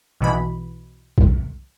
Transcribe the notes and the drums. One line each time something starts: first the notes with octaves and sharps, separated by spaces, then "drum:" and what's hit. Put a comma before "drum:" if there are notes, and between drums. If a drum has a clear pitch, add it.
B1 B2 E3 B5
drum: kick A#1